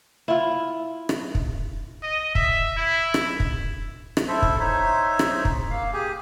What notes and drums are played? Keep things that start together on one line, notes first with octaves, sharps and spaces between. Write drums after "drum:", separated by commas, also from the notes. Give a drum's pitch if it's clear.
E4 F4
drum: rim click
drum: kick
D#5
E5, drum: kick
E4
drum: rim click
drum: kick
drum: rim click
E4 A4 C5 E5
drum: kick
D#4 C5 C#5 E5
drum: rim click
drum: kick
A#3 F5
G4 G#4 G#5